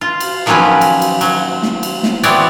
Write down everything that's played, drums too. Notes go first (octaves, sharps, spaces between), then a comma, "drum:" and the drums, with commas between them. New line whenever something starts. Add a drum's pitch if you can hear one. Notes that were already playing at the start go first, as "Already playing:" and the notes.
F4
drum: cymbal
D#3 F3 F#3 A#3 C#4 B4
drum: cymbal
drum: cymbal
F#3, drum: cymbal
drum: snare
drum: cymbal
drum: snare
E3 B3 C4 C#5 D5, drum: cymbal